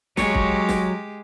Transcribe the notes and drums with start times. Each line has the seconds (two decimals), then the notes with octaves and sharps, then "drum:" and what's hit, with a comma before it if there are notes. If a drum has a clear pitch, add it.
0.17 F#3 G#3 G4 C#5, drum: snare
0.34 drum: kick
0.69 drum: snare